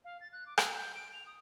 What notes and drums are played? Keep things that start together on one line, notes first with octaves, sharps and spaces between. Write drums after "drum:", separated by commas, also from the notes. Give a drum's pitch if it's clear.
F5
A6
F#6
D6
E6, drum: rim click
G6
D7
F7
D#6